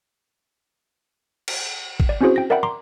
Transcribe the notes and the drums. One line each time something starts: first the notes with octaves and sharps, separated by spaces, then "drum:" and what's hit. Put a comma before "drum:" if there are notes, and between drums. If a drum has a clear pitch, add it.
drum: cymbal
drum: kick
D5
C4 C#4 E4 F#4 G#4 C5
G5 A#6
A#4 D5 E5 F#5 G5 B5
A#5 C6 D6